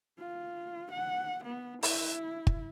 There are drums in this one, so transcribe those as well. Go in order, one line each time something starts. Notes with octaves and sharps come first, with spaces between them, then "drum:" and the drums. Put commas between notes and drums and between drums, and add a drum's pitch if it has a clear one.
F4
F#5
B3
E4, drum: open hi-hat
drum: kick